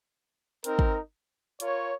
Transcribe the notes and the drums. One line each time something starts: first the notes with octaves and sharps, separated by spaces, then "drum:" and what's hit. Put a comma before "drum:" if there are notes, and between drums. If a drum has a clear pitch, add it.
C4 D#4 A#4, drum: hi-hat
drum: kick G#1
F4 A#4 C#5, drum: hi-hat